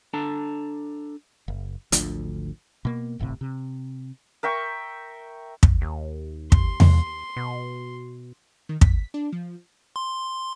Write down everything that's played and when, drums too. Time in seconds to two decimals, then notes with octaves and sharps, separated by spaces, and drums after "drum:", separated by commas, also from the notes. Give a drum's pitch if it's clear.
0.14 D4 A4 A5 A#5
1.48 F#1
1.92 G#1 D2 D3 F3, drum: hi-hat
2.85 B2 A#3
3.19 D1 G1 A2 C3
3.41 C3
4.43 A#4 E5 G5 C#6
5.63 drum: kick
5.81 D#2
6.52 C6, drum: kick
6.80 drum: tom E2
7.37 B2
8.69 D#3
8.81 B6, drum: kick
9.14 D4
9.33 F3
9.96 C6